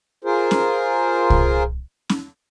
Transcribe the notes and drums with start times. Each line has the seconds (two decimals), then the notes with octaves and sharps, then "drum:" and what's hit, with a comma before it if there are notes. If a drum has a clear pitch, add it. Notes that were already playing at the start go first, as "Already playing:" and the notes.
0.24 F4 G#4 A#4 C5
0.51 drum: snare C#4
1.30 drum: kick C2
2.09 drum: snare C#4